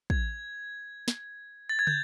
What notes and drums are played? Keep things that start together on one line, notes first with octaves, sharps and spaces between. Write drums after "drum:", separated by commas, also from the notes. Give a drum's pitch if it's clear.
G#6, drum: kick
drum: snare
A6
G#6
G6, drum: tom